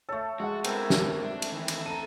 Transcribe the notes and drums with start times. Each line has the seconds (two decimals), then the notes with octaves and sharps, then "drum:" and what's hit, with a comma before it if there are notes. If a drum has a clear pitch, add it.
0.09 A3 A4 C#5 A5
0.40 G#3 F#4 F#5
0.64 C3 B3 E4 A#4, drum: cymbal
0.90 drum: snare
1.23 D4
1.42 drum: cymbal
1.52 D#3 E3
1.68 drum: cymbal
1.86 A4 A#5 D#7